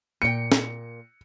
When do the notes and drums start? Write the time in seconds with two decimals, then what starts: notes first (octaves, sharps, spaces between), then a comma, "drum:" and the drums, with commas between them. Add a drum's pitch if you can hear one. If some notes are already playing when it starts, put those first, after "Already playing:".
0.22 A#2 G5 C#7
0.52 drum: snare